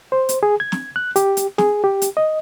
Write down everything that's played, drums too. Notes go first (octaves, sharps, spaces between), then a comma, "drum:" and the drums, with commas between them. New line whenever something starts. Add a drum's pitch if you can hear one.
C5
drum: hi-hat
G#4
G#6
drum: snare
F#6
G4, drum: hi-hat
drum: hi-hat
G#4, drum: snare
G4
drum: hi-hat
D#5